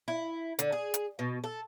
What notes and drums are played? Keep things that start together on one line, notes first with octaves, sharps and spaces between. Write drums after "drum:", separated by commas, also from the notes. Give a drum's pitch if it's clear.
E4
D3, drum: hi-hat
G#4
drum: hi-hat
B2
A4